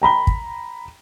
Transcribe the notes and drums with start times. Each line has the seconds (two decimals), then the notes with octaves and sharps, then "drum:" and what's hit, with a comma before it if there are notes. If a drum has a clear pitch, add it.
0.02 G5 A#5 B5 G7
0.27 drum: kick